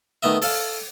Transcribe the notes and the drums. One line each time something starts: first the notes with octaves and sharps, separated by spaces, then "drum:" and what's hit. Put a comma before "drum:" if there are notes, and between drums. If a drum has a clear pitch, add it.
D#3 A3 B3 D#5 E5
A4 F5, drum: open hi-hat